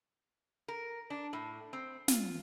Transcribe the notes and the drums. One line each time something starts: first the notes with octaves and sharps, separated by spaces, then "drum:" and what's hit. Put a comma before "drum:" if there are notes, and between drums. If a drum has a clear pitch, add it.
A#4
D4
A2
C4
F4, drum: snare